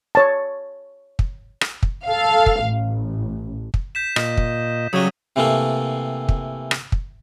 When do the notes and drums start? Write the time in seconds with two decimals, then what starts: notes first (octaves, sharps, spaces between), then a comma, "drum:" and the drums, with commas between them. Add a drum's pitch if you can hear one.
0.15 C#5 A5
1.19 drum: kick
1.61 drum: rim click
1.83 drum: kick
2.05 A4 F5
2.46 drum: kick
2.64 A1
3.74 drum: kick
3.95 G6 B6 E7
4.16 A#2 D#5, drum: rim click
4.37 drum: kick
4.93 C#3 F#3 G3 D#6 G#6 D#7
5.36 C3 E3 A3 A#3 A4
6.29 drum: kick
6.71 drum: rim click
6.92 drum: kick